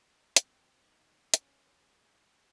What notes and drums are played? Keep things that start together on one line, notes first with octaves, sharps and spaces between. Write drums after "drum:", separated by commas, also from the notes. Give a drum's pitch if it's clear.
C4, drum: hi-hat
D#3 A#3 D#4
C#4, drum: hi-hat
G#3 C#4 G#4